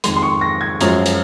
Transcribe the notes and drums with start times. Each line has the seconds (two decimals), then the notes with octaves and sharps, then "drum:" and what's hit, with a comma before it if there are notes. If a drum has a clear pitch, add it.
0.04 F2 D#3 G#3 C6, drum: hi-hat
0.16 C6
0.22 C#6
0.41 A#6
0.61 G#6
0.81 F#2 F3 G#3, drum: hi-hat
1.06 drum: hi-hat